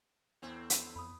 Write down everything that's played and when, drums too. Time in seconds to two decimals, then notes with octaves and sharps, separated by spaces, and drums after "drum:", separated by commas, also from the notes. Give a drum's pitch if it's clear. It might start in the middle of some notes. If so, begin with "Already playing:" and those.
0.42 E2 A2 C4
0.70 drum: hi-hat
0.96 F2 B5 D#6